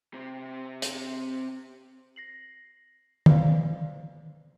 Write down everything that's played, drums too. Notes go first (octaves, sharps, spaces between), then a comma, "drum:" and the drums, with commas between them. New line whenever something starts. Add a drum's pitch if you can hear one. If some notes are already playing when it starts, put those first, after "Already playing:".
C3 C4
drum: hi-hat
A#6 C7 F#7
B4 C5 D5 F5, drum: tom